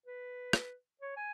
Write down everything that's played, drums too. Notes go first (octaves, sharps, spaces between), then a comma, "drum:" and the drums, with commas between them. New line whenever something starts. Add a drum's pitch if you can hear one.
B4
drum: rim click
C#5
G#5